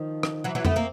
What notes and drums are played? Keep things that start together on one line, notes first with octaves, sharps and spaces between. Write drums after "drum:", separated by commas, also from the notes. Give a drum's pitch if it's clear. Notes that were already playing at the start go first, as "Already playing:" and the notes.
Already playing: D#3 F3
drum: rim click
E3 F#3
E3 F#3
A3 B3, drum: tom F2
A#3 C4